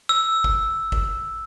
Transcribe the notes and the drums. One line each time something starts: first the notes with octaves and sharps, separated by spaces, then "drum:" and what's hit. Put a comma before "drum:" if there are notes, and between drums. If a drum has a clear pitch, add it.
E6
drum: kick
drum: kick